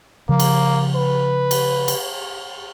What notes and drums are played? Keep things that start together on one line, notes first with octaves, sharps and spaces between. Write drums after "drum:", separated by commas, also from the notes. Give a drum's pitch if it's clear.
C#3 F3 A#3
drum: cymbal
B4
drum: cymbal
drum: cymbal